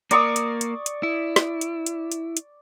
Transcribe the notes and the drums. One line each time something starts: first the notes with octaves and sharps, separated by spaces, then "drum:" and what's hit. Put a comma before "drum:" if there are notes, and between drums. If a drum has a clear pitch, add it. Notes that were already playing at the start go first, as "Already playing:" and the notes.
A#3 A#4 D5 C#6 D#6, drum: hi-hat
drum: hi-hat
drum: hi-hat
drum: hi-hat
E4
drum: snare
drum: hi-hat
drum: hi-hat
drum: hi-hat
drum: hi-hat